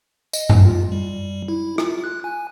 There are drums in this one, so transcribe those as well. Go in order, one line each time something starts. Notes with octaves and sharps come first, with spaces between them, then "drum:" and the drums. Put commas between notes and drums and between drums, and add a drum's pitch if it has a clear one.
D#5, drum: tambourine
drum: tom F#2
F4
G3
E4
F4, drum: rim click
F#6
G#5